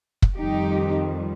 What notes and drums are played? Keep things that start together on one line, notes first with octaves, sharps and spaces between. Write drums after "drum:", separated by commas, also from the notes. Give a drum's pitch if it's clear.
drum: kick
F2 D#3 G3 D#4 G4